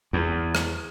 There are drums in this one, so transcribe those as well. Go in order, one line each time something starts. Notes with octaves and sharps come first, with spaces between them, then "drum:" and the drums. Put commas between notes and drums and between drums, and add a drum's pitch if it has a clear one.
E2
drum: rim click